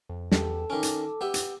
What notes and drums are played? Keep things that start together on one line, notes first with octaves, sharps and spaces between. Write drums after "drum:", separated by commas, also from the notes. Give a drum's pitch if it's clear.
F2
E2 G4 A4, drum: snare
D#3 C#4 D6
drum: hi-hat
B3 G4 E5
drum: hi-hat